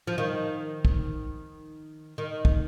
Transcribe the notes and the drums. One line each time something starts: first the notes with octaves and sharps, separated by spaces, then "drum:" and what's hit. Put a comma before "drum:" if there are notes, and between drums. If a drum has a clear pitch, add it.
F3
D#3
drum: kick
D#3
drum: kick